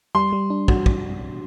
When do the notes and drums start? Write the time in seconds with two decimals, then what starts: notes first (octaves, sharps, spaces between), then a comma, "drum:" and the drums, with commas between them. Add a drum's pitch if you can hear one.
0.15 G3 C6
0.32 G3
0.50 D4
0.68 F#4, drum: kick
0.86 drum: kick